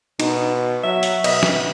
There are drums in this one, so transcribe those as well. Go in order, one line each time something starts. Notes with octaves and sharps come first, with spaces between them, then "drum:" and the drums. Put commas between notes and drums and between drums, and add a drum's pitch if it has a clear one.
B2 D#4, drum: cymbal
F#3 E5
drum: hi-hat
B2 D#5, drum: cymbal
drum: snare